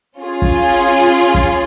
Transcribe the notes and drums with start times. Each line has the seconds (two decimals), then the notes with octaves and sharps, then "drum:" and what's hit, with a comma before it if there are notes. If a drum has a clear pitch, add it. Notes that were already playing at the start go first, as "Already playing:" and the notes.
0.18 C#4 F4 G#4
0.42 drum: kick
1.34 drum: kick